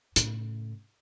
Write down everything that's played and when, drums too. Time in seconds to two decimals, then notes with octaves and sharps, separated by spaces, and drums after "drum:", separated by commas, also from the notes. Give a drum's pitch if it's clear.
0.16 A2 C#3, drum: hi-hat